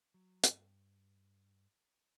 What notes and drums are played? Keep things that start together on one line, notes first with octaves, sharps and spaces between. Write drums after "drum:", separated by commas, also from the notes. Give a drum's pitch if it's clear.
F#3
G2, drum: hi-hat